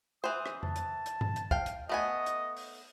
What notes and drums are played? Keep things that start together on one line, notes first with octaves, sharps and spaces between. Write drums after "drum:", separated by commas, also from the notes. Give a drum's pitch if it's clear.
E3 C5 D#6
drum: rim click
A5, drum: tom F2
drum: hi-hat
drum: hi-hat
drum: tom G2
drum: hi-hat
F5 G5, drum: kick
drum: hi-hat
A3 B3 D#5 G#5
drum: hi-hat
drum: open hi-hat